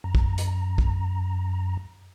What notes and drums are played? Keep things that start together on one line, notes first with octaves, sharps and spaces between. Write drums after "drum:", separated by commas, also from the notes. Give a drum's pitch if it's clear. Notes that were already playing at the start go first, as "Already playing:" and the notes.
F#2 A#5
drum: kick
drum: hi-hat
drum: kick